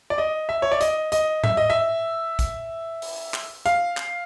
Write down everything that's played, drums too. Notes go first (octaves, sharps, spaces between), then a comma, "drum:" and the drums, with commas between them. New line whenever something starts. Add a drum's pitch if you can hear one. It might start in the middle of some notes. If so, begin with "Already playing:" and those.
D5
D#5
E5
C#5
D5
D#5, drum: hi-hat
D#5, drum: hi-hat
E5, drum: tom G#2
D#5
E5
drum: kick B1, hi-hat
drum: open hi-hat
drum: clap
F5, drum: hi-hat
drum: clap